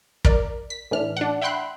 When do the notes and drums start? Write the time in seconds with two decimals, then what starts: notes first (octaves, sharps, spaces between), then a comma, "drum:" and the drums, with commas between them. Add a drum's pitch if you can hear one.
0.25 A#4 D5, drum: kick
0.70 B6
0.91 A2 E3 D4 F6
1.17 D4 F#5
1.42 E5 F#5 G5 B5 C6 F#6